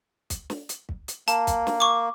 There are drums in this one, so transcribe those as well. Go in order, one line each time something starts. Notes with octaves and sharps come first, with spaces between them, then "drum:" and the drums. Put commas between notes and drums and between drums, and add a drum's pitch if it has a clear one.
drum: kick, hi-hat
drum: snare
drum: hi-hat
drum: kick
drum: hi-hat
A#3 A5, drum: hi-hat
drum: kick, hi-hat
drum: snare
C#6 D6